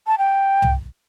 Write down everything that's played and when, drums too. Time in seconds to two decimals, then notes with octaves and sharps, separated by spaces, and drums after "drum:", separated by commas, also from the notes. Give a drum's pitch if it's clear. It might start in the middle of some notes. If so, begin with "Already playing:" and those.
0.07 A5
0.18 G5
0.62 drum: tom C2